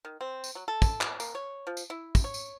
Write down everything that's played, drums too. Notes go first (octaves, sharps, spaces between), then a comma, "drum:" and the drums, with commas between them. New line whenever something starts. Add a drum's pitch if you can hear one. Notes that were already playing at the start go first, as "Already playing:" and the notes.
D#3
C4
drum: tambourine
F#3
A4
drum: kick, tambourine
drum: clap
A#3, drum: tambourine
C#5
F3
drum: tambourine
E4
drum: kick, tambourine
C#5
drum: tambourine